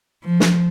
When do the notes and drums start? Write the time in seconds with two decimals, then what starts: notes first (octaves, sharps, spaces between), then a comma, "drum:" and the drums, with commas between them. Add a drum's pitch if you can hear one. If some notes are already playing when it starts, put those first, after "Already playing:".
0.24 F3
0.40 drum: snare